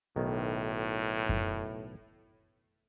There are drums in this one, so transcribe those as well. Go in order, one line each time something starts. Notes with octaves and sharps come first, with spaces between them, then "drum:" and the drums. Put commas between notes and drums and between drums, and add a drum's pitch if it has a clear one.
B1 A2 D#3
drum: kick F#2